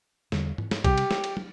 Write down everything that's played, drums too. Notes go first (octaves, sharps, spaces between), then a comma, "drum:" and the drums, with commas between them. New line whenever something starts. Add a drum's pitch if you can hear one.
E2 D3 G3 D4, drum: snare
drum: tom G#2
drum: snare
C3 G3 G4, drum: kick B1, cymbal
drum: cymbal
drum: snare
drum: cymbal
drum: tom